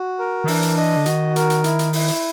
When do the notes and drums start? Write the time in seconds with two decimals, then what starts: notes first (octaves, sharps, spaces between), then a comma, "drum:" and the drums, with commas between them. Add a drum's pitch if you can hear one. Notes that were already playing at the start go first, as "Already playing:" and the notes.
Already playing: F#4
0.19 A#4
0.44 D#3
0.48 E3 D4, drum: open hi-hat
0.63 drum: hi-hat
0.77 D#5
0.97 D3
1.06 D#3 F#4, drum: hi-hat
1.36 A#4, drum: hi-hat
1.50 drum: hi-hat
1.64 E4, drum: hi-hat
1.79 drum: hi-hat
1.93 E4, drum: open hi-hat
2.08 drum: hi-hat